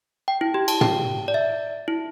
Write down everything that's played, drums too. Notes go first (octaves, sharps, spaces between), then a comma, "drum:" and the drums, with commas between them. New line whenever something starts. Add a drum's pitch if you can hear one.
G5
E4
G4
A5, drum: cymbal
G5, drum: tom
D5
E5
E4